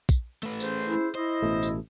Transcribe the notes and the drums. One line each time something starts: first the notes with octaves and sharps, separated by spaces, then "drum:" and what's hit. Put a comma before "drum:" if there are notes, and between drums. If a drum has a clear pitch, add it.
drum: kick, tambourine
A3 B4
C#4 G#4 C5, drum: tambourine
E4
E4 C5 D#5
A1 B2 A3
drum: tambourine